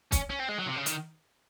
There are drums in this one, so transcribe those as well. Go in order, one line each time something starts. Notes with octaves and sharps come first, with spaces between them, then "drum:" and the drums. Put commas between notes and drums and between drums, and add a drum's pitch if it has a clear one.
C#4, drum: kick, hi-hat
C#4
C4
G#3
F#3
C3
C#3
D#3, drum: hi-hat